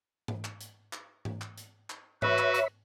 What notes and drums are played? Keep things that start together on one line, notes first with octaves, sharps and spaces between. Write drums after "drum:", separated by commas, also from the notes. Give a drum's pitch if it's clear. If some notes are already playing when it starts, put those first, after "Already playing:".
drum: tom G#2
drum: clap
drum: hi-hat
drum: clap
drum: tom G#2
drum: clap
drum: hi-hat
drum: clap
F#4 B4 C#5 E5 B5, drum: tom G#2
drum: clap
drum: hi-hat